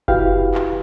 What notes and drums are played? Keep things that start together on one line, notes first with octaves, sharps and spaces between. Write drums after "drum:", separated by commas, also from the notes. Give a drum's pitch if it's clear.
E4 F#4 G4 B4 F5 G5, drum: kick F#1
drum: clap